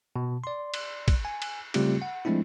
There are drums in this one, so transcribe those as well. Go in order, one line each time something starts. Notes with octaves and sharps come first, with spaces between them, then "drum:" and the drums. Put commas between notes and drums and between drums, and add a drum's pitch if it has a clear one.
B2
D5 C6
drum: cymbal
drum: kick, cymbal
G#5
drum: cymbal
C#3 G3 A3 C4 F4 G4, drum: cymbal
F#5
F3 G#3 A3 C4 D4 E4